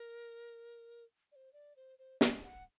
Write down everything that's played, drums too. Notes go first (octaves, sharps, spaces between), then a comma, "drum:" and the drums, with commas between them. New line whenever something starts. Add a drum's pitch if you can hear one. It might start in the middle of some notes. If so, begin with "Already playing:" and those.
Already playing: A#4
D5
C5
D5
C5
C5
D#5, drum: snare
F#5